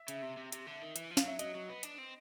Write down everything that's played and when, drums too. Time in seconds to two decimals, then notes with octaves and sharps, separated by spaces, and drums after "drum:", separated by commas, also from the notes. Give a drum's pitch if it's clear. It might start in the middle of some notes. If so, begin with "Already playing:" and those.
Already playing: E5
0.08 C#3, drum: hi-hat
0.22 C3
0.37 C3
0.52 C3, drum: hi-hat
0.67 D3
0.82 D#3
0.96 E3, drum: hi-hat
1.10 F3
1.17 F5, drum: snare
1.25 F#3 E5
1.39 F#3 D#5, drum: hi-hat
1.55 F#3
1.69 B3
1.83 D4, drum: hi-hat
1.98 C4